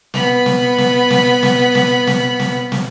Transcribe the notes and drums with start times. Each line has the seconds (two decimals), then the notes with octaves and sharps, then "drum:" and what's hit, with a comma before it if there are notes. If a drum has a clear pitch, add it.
0.14 B3 B5, drum: snare
0.46 drum: snare
0.78 drum: snare
1.10 drum: snare
1.43 drum: snare
1.75 drum: snare
2.07 drum: snare
2.39 drum: snare
2.72 drum: snare